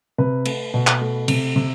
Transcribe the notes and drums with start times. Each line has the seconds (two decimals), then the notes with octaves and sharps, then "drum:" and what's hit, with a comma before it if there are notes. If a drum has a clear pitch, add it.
0.18 C3 B4
0.45 A3, drum: cymbal
0.74 B2
0.87 drum: clap
1.01 A3
1.28 C3, drum: cymbal
1.56 C3